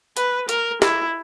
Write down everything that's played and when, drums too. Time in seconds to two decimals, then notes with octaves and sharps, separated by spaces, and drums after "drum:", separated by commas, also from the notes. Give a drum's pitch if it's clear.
0.17 B4, drum: hi-hat
0.49 A#4, drum: hi-hat
0.82 E4, drum: snare